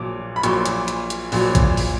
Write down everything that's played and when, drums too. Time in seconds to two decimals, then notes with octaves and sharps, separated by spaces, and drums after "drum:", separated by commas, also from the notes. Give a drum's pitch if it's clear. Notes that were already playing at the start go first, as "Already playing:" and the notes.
Already playing: A#1 A#2 F#3 D6
0.36 B5
0.43 A#1 A#2 F#3 C#6, drum: hi-hat
0.66 drum: hi-hat
0.88 drum: hi-hat
1.10 drum: hi-hat
1.32 A#1 A#2 F#3, drum: open hi-hat
1.55 drum: kick A#1, hi-hat
1.77 drum: open hi-hat